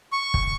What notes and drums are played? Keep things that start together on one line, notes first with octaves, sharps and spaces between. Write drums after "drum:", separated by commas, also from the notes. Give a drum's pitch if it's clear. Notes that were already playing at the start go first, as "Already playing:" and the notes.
C#6
drum: kick